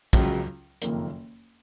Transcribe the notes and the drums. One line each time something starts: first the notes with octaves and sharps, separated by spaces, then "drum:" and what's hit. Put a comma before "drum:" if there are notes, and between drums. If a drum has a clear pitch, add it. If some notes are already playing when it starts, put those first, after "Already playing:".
C#2 C#3 F#3, drum: kick, hi-hat
F#1 F2 D#3 A#3, drum: hi-hat